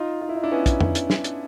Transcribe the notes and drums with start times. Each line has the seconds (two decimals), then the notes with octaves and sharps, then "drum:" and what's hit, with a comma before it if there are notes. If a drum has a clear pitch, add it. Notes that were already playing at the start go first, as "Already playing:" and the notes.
Already playing: D#4 F4
0.21 F4
0.29 E4
0.36 D#4
0.43 D4 E4
0.52 B3 C#4
0.66 drum: kick, hi-hat
0.81 drum: tom F2
0.95 drum: hi-hat
1.10 drum: snare
1.24 drum: hi-hat